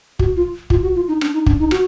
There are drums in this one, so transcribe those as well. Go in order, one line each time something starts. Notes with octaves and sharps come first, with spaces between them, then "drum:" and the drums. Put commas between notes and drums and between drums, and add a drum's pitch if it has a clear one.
F#4, drum: kick
F4
F4, drum: kick
F#4
F4
D#4
D4, drum: rim click
D#4
D4, drum: kick
D#4
F#4, drum: rim click